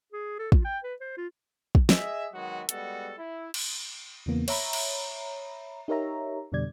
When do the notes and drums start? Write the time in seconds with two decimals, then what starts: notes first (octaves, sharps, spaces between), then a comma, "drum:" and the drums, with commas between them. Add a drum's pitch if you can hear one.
0.12 G#4
0.39 A4
0.52 F4, drum: kick
0.65 G5
0.84 B4
1.01 C5
1.17 F4
1.75 drum: kick
1.89 G#4 D#5 E5, drum: snare
2.33 D#3 F#3 G#3 B3 F#4
2.69 G3 G#3 B3 F#4 A4, drum: hi-hat
3.18 E4
3.54 drum: cymbal
4.26 E2 C#3 E3 A#3 B3
4.48 C#5 E5 A#5 B5, drum: cymbal
4.73 drum: cymbal
5.88 D#4 G4 A#4 C#5 E5 A#5
6.52 F2 B2 D3 G3 D5 G#6